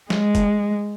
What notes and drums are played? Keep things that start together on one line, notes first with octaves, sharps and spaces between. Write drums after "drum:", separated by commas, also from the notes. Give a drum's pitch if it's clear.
G#3, drum: snare
drum: kick, hi-hat